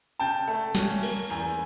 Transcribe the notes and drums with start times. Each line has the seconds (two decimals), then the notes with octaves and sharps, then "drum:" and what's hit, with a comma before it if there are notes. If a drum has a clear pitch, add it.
0.19 C#3 G5 A5
0.48 A3
0.75 C#4, drum: snare
1.03 A#3, drum: cymbal
1.30 E2 G#5 A#5